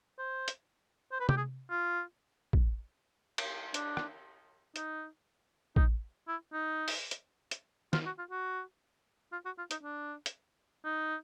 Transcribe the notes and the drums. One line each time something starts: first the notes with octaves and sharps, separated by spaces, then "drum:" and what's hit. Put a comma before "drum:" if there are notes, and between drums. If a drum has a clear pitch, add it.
C5
drum: hi-hat
C5
B4
G4, drum: tom C3
G#4
F4
drum: kick A1
drum: cymbal
D4, drum: hi-hat
drum: rim click
D#4, drum: hi-hat
D#4, drum: kick A1
E4
D#4
drum: open hi-hat
drum: hi-hat
drum: hi-hat
F4, drum: snare
F#4
F4
F#4
F4
F#4
F4
D#4, drum: hi-hat
D4
drum: hi-hat
D#4